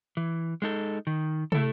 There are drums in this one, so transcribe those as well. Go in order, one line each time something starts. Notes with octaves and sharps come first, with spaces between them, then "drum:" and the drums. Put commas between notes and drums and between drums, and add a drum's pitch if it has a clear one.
E3
G#3 D#4 A4
D#3
A3 E4 A4, drum: tom